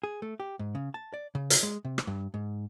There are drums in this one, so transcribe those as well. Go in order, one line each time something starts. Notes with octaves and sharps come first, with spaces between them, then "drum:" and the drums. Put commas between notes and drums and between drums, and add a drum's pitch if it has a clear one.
G#4
A3
G4
G#2
C#3
A5
D5
C#3
drum: hi-hat
G#3
C3
drum: rim click
G2
G#2